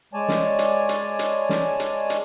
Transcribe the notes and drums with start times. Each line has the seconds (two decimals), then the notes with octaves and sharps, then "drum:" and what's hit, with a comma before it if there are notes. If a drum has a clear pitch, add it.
0.13 G#3 C#5 D5 G#5 A5
0.28 drum: snare
0.59 drum: hi-hat
0.89 drum: hi-hat
1.19 drum: hi-hat
1.49 drum: snare
1.80 drum: hi-hat
2.10 drum: hi-hat